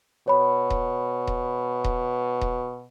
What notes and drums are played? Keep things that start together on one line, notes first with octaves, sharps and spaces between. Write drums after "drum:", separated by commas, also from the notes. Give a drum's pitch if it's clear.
B2 C#5 B5
drum: kick D#1
drum: kick D#1
drum: kick D#1
drum: kick D#1